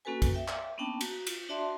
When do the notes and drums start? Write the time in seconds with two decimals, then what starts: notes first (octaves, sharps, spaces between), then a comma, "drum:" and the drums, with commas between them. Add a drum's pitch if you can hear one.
0.05 A#3 C#4 F#4 A4 B4 G#5
0.22 drum: kick A#1, cymbal
0.34 E5 G5
0.48 drum: clap
0.78 A#3 B3 C#4 D4 G5 A5
1.01 F#4 A#5, drum: cymbal
1.27 F4, drum: cymbal
1.49 D4 F#4 D5 E5 A5 C6